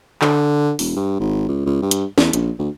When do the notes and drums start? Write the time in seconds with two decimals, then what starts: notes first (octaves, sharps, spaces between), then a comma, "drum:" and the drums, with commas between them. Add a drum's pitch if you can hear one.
0.22 D3, drum: clap
0.79 E1, drum: open hi-hat
0.96 G2
1.20 G#1
1.48 C#2
1.66 C#2
1.82 G2
1.91 drum: hi-hat
2.18 E2, drum: snare
2.33 A#1, drum: hi-hat
2.59 D2